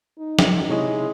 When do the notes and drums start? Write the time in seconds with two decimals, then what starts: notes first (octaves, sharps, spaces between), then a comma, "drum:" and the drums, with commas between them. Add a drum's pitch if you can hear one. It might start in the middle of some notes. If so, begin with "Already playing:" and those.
0.19 D#4
0.39 drum: snare
0.70 C3 G#3 E4 C#5 D#5